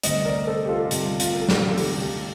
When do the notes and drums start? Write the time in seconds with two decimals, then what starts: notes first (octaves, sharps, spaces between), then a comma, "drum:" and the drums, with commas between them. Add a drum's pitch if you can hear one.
0.03 D2 C3 G3 C5 D#5, drum: hi-hat
0.25 A#4 D5
0.47 A4 C5
0.65 G4
0.69 F4 A4
0.85 F4
0.91 D2 C3 G3 G4, drum: hi-hat
1.20 F4, drum: hi-hat
1.33 A#4
1.41 A4
1.49 G4, drum: snare
1.71 A4
1.78 D2 C3 G3 G4, drum: open hi-hat
2.00 G4